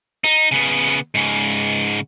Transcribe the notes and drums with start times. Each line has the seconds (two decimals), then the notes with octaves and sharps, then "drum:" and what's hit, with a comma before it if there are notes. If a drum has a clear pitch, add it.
0.24 D#4, drum: hi-hat
0.52 C#3 B3
0.87 drum: hi-hat
1.15 G#2 C#3
1.50 drum: hi-hat